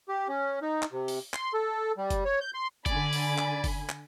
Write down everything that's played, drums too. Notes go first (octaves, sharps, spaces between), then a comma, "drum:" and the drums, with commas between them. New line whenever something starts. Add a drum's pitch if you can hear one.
G4
C#4
D#4
drum: clap
C3
drum: open hi-hat
C6, drum: clap
A4
G3
drum: kick F#1, hi-hat
C#5
G6
C6
D3 D5 G#5 B5, drum: kick F#1, hi-hat
drum: open hi-hat
drum: clap
drum: kick F#1, open hi-hat
drum: clap